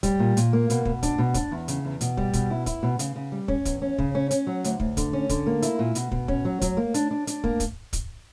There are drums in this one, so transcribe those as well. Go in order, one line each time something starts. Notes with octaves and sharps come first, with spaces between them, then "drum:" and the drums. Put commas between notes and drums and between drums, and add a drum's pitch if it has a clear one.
G3, drum: kick, hi-hat
A#2
A#2, drum: hi-hat
A#3
B2, drum: hi-hat
B2, drum: kick
D4, drum: kick, hi-hat
B2
D4, drum: kick, hi-hat
E2
C#3, drum: hi-hat
E2
B2, drum: hi-hat
G3, drum: kick
B2, drum: kick, hi-hat
E4
E4, drum: kick, hi-hat
B2
C#3, drum: hi-hat
C#3
G3
C#4, drum: kick
E2, drum: kick, hi-hat
C#4
C#3, drum: kick
C#4
C#4, drum: hi-hat
F#3
D2, drum: hi-hat
D2, drum: kick
D3, drum: kick, hi-hat
C#4
D3, drum: kick, hi-hat
A#3
E4, drum: hi-hat
A#2
B2, drum: hi-hat
B2, drum: kick
C#4, drum: kick
F#3
F#3, drum: kick, hi-hat
A#3
D4, drum: hi-hat
D4
D4, drum: hi-hat
A#3, drum: kick
drum: kick, hi-hat
drum: kick, hi-hat